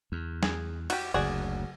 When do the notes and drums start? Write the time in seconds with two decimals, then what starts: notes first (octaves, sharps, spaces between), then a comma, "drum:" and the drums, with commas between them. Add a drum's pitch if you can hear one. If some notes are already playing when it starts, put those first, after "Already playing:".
0.12 E2
0.43 G#4, drum: snare
0.90 F#4 G4, drum: cymbal
1.14 F#1 D2 F#4 G#4 D5